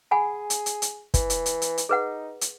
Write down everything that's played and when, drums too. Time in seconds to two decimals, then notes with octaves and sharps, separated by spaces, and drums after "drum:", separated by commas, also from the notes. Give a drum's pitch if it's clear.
0.11 G#4 F#5 G#5 B5
0.50 drum: hi-hat
0.66 drum: hi-hat
0.82 drum: hi-hat
1.14 E3, drum: kick, hi-hat
1.30 drum: hi-hat
1.46 drum: hi-hat
1.62 drum: hi-hat
1.78 drum: hi-hat
1.89 D#4 G#4 B4 F#5
2.41 drum: hi-hat